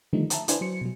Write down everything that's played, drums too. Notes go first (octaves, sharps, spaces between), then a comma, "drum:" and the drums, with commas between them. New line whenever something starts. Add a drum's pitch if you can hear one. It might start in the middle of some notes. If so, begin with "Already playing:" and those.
D3 D#3 F3 G3 A3 D#4
E5 A5 A#5, drum: hi-hat
D4 E4 B4 C5 D5 G#5, drum: hi-hat
F#3 C5 C#7
B2 F#3